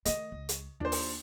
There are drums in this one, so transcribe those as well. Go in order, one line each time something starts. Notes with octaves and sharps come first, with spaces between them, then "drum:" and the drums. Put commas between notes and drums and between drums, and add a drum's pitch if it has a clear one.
D#3 A3 D#5, drum: hi-hat
C#2
drum: hi-hat
D#2 D4 F4 C5
drum: open hi-hat